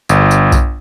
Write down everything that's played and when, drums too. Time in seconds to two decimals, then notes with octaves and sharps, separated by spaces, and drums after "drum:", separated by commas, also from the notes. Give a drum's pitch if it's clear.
0.09 G1, drum: tambourine
0.31 drum: tambourine
0.52 drum: kick B1, tambourine